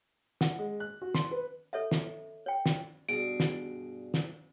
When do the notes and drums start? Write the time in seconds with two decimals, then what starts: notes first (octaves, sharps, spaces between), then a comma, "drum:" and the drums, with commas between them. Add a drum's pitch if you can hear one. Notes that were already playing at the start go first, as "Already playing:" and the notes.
0.41 F#5, drum: snare
0.59 G#3
0.80 F#6
1.02 F#4
1.15 C6, drum: snare
1.31 B4
1.73 A4 C#5 D#5 E5
1.91 drum: snare
2.46 C#5 G5
2.66 drum: snare
3.09 G2 B2 G#4 D7
3.40 drum: snare
4.14 drum: snare